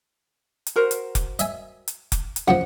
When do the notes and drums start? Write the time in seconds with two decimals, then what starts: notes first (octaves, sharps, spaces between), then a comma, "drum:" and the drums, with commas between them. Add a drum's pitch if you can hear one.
0.67 drum: hi-hat
0.76 F#4 A#4 C5
0.91 drum: hi-hat
1.15 drum: kick F1, hi-hat
1.39 D#5 E5 G#5, drum: hi-hat
1.88 drum: hi-hat
2.12 drum: kick F1, hi-hat
2.36 drum: hi-hat
2.48 F#2 C#3 F3 F#5